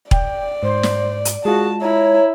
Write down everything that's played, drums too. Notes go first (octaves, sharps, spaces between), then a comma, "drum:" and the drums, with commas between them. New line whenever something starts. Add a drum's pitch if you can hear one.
D5 G5, drum: kick E1
G#2 C5
drum: snare
drum: hi-hat
G#3 F4 F#4 G#4 A5
E4 C#5 A#5